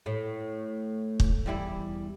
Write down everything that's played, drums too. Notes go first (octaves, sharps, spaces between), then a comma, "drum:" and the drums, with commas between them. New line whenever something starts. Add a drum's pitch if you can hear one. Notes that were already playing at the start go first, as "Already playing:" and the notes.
A2 A3
drum: kick
E2 G3 E4